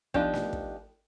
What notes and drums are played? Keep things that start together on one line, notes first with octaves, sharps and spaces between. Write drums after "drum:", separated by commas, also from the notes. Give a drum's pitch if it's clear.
F3 B3 D4 D#4 G4, drum: kick
drum: snare
drum: kick